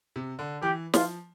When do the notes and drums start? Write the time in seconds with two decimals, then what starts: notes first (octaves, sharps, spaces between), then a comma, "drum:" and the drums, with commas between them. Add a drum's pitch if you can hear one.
0.16 C3
0.39 D3
0.62 E3 G4
0.94 F3 F4, drum: snare